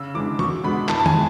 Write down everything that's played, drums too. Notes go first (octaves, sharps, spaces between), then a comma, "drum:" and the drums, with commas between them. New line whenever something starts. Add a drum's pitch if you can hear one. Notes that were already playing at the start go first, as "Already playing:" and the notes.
Already playing: C#3 E6
E3 G#3 D4 D6
B2 C#6, drum: tom E3
G#3 B3 D4 B5
E3 A5, drum: clap
A5
G#5, drum: tom D#3
G#3